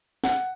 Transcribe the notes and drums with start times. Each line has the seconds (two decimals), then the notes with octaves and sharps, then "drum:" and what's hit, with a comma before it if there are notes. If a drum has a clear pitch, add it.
0.24 F#5, drum: snare